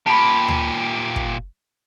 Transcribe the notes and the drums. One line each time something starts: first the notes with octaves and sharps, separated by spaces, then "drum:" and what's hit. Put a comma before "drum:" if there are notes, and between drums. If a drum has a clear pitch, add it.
A#2 G4 A5 B5
drum: tom D2
drum: kick